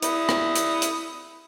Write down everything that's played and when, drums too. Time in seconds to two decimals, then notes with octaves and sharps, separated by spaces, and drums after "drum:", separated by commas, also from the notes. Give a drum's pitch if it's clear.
0.02 E4 D#6, drum: hi-hat
0.29 drum: rim click
0.55 drum: hi-hat
0.82 drum: hi-hat